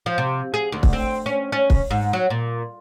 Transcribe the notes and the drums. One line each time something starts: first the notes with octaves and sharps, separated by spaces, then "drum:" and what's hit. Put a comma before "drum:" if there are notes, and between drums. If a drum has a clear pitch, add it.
F3
C3
G#4
D2
drum: kick
C4
C#4
C#4
drum: kick
G#2
F#3
A#2